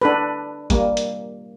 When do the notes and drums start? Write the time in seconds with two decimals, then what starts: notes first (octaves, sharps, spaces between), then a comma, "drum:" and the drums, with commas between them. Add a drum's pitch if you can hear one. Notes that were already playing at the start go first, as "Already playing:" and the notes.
0.02 D4 A4 B4
0.70 G3 A#3, drum: kick G#1, hi-hat
0.97 drum: hi-hat